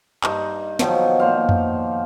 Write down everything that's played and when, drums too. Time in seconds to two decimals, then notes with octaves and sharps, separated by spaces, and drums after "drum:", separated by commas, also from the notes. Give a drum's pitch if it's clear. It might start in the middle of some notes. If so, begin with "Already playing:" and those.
0.24 G2 D#4, drum: clap
0.79 B2 D#3 F3 F#3, drum: snare
1.20 A#2 C5 F5
1.49 drum: tom F2